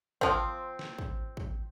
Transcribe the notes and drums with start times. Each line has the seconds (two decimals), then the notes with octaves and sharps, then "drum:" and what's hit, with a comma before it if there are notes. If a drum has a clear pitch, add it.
0.21 F3 C4, drum: kick
0.79 drum: snare
0.98 drum: kick
1.37 drum: kick